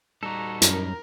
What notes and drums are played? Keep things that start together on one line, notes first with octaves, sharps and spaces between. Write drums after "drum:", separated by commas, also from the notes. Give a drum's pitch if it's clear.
G3 D#4 F#4 A4 A#5
F#2 A#4, drum: hi-hat